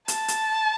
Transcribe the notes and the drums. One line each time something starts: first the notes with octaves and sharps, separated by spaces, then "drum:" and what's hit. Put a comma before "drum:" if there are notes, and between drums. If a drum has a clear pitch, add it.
A5, drum: hi-hat
drum: hi-hat